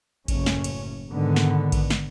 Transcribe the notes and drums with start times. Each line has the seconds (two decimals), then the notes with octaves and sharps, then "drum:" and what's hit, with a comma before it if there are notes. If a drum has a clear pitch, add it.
0.28 F#1 A2 C#4, drum: kick A1, cymbal
0.46 drum: snare
0.64 drum: cymbal
1.09 G#2 B2 D3 D#3 B3
1.36 drum: snare
1.72 drum: kick A1, cymbal
1.90 drum: snare